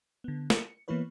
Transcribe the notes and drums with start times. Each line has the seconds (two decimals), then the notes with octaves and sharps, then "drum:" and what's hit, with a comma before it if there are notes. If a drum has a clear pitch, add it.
0.24 D3 B3
0.50 C#7, drum: snare
0.88 E3 A#3 B3 E4 B4 C#5